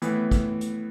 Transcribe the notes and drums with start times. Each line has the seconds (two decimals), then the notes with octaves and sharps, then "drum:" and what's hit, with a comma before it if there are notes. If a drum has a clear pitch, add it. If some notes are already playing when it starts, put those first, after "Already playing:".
0.02 A2 E3 B3, drum: hi-hat
0.31 drum: kick, hi-hat
0.61 drum: hi-hat